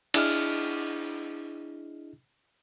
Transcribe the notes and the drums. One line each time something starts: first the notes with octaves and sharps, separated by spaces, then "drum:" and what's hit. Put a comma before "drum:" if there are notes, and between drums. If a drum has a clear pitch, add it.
D4 E4 G#4 D#5 F6, drum: cymbal